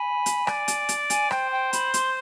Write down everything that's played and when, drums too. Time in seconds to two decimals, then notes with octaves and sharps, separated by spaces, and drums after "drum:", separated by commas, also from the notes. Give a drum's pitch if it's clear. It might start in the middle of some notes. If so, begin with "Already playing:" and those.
Already playing: G#5 B5
0.26 drum: hi-hat
0.47 D5, drum: rim click
0.68 drum: hi-hat
0.89 drum: hi-hat
1.10 G#5, drum: hi-hat
1.31 C5 G5, drum: rim click
1.52 G5
1.73 B5, drum: hi-hat
1.94 C6, drum: hi-hat